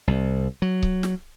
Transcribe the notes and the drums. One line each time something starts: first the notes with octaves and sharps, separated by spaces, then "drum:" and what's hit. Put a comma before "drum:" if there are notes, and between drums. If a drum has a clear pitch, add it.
C2
F#3
drum: kick C#1
drum: snare